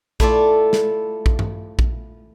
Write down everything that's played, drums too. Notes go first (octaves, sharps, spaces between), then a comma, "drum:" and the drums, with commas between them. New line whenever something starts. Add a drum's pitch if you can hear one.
A3 E4 F4 A4 D5, drum: kick A#1
drum: snare
drum: kick A#1
drum: tom G2
drum: kick A#1